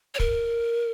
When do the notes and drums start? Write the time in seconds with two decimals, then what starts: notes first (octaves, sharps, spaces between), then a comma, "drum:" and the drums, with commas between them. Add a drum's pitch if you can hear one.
0.15 C#5
0.20 A#4, drum: kick